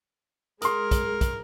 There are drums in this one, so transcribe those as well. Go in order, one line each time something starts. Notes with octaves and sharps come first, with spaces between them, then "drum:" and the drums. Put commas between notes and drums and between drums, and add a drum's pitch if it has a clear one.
G#3 G#4 A#4 C6 D#6, drum: hi-hat
drum: kick, hi-hat
drum: kick, hi-hat